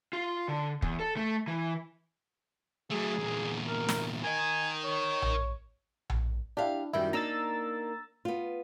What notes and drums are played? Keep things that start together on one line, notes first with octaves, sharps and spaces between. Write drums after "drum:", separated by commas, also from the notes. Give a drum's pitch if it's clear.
F4
D3
E2, drum: kick
A4
A3
E3
F#3 A3 G#4
E2 A#2
A#4
drum: snare
A#4 D#5 G#5
C#5
drum: tom A#1
drum: tom A#1
D4 E4 G4 F5
F#2 D#3 G3 E4
A#3 D4 D#4 A#5 E6 A6
B3 F4